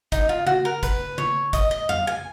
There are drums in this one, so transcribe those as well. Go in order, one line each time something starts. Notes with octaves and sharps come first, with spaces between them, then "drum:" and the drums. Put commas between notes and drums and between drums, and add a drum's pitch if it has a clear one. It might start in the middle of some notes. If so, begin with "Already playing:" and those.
D#4, drum: kick, hi-hat
F4
F#4, drum: tom C#3
A#4
B4, drum: kick, hi-hat
C#5, drum: tom C#3
D#5, drum: kick, hi-hat
D#5
F5, drum: tom F2
G#5